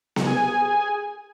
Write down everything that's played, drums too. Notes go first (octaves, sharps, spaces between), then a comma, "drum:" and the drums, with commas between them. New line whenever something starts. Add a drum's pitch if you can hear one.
drum: snare B3
G#4 G#5
G#4 G#5